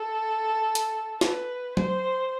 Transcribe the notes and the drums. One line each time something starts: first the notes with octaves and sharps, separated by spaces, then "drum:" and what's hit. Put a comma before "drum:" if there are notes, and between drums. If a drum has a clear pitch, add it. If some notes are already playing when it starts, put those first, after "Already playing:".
Already playing: A4
drum: hi-hat
B4, drum: snare
C5, drum: tom